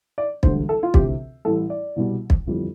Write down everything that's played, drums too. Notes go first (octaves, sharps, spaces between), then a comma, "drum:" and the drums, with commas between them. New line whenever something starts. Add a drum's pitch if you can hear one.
D5
E1 D2 D3 G3 C5, drum: kick
A4
F4
D2 C3 E3 G4, drum: kick
A1 A2 G3 A4
D5
C2 B2 G3
drum: kick
G1 F2 E3 G3